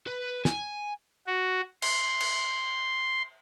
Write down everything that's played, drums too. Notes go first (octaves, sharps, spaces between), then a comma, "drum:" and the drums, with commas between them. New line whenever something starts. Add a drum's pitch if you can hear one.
B4
G#5, drum: snare
F#4
C6, drum: cymbal
drum: cymbal